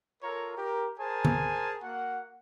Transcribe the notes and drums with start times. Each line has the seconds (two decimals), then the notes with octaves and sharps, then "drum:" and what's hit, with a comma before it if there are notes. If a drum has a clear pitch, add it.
0.23 F4 A4 A#4 C#5 A#5
0.57 G4 A#4
0.99 G#4 A#4 C5 G#5 A5
1.25 drum: tom D3
1.83 A#3 F#4 F#5